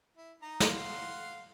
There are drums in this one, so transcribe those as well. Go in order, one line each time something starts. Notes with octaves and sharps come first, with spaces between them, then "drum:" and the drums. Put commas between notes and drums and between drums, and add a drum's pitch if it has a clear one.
E4
D#4 A#5
drum: snare
F5 F#5 C6